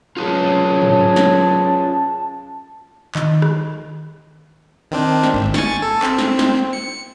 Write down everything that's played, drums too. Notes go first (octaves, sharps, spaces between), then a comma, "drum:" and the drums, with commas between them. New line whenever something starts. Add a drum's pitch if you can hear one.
C2 F#3 C#4 F4 G#4 B4 A5
drum: tom G#2
drum: snare
D#3, drum: clap
drum: rim click
D#3 C4 D4
drum: snare
G#1
G#5 C#6 A6, drum: snare
A4
C4, drum: clap
drum: snare
drum: snare
C#7